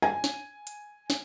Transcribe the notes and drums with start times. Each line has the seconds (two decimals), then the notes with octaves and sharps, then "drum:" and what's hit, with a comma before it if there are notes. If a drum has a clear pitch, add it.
0.02 G#5
0.24 drum: snare
0.67 drum: hi-hat
1.10 drum: snare